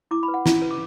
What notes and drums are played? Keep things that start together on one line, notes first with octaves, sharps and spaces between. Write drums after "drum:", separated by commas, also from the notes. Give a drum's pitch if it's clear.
E4 D6
B5
B4
F#5
E4, drum: snare
B4
D6